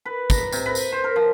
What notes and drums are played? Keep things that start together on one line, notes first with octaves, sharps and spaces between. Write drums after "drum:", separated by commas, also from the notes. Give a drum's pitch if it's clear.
B4
A#5, drum: kick, tambourine
C3, drum: tambourine
B4
drum: tambourine
C5
A#4
F3